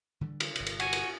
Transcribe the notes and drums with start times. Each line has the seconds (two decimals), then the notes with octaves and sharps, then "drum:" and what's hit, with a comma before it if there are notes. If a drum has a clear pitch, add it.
0.21 D3 E3 G3
0.40 drum: cymbal
0.56 G1 C3, drum: cymbal
0.66 drum: cymbal
0.80 F#4 G#5 C#6, drum: cymbal
0.93 drum: cymbal